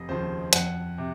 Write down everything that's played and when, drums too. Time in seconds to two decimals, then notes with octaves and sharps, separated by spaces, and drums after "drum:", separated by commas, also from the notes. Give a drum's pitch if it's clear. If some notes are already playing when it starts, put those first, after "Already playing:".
Already playing: F1 D#5
0.08 D#2 C#3 F3 C5
0.53 F2 F#5, drum: hi-hat
0.98 C3